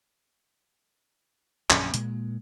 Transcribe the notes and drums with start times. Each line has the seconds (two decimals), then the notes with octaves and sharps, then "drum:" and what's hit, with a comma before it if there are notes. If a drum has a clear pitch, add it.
1.70 A#1 F#2 D3 C#4, drum: clap
1.94 A#2 G#3, drum: hi-hat